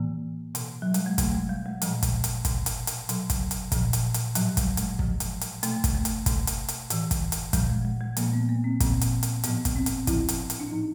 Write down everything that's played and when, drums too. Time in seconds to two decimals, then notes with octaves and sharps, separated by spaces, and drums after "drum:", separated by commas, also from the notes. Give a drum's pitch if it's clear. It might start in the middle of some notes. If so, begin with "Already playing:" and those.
Already playing: A2 E3 A#3
0.55 B2, drum: hi-hat
0.82 F#3
0.94 G3, drum: hi-hat
1.06 G#3
1.18 B2 A3, drum: kick, hi-hat
1.34 G#3
1.49 G3
1.66 G#3
1.82 A#2 F3 G3, drum: hi-hat
2.03 drum: kick, hi-hat
2.24 drum: hi-hat
2.45 B2, drum: kick, hi-hat
2.66 drum: hi-hat
2.87 drum: hi-hat
3.09 B2 F#3, drum: hi-hat
3.30 drum: kick, hi-hat
3.51 drum: hi-hat
3.72 A#2 F3, drum: kick, hi-hat
3.93 drum: hi-hat
4.14 drum: hi-hat
4.35 A2 F3 F#3, drum: hi-hat
4.57 G3, drum: kick, hi-hat
4.77 G#3, drum: hi-hat
4.99 A2 F3, drum: kick
5.20 drum: hi-hat
5.41 drum: hi-hat
5.63 B2 A3, drum: hi-hat
5.84 drum: kick, hi-hat
5.95 A3
6.05 drum: hi-hat
6.26 B2, drum: kick, hi-hat
6.47 drum: hi-hat
6.68 drum: hi-hat
6.90 A2 E3, drum: hi-hat
7.11 drum: kick, hi-hat
7.32 drum: hi-hat
7.53 A#2 F3 G3, drum: kick, hi-hat
7.69 G#3
7.85 G#3
8.01 G#3
8.17 A#2 F3 A#3, drum: hi-hat
8.33 B3
8.49 A#3
8.64 C4
8.80 A#2 F3, drum: kick, hi-hat
9.01 drum: hi-hat
9.23 drum: hi-hat
9.44 A2 F3 B3, drum: hi-hat
9.65 drum: kick, hi-hat
9.76 C4
9.86 drum: hi-hat
10.07 A2 F3 E4, drum: kick, hi-hat
10.29 drum: hi-hat
10.50 drum: hi-hat
10.60 D4
10.70 A2 F3 D#4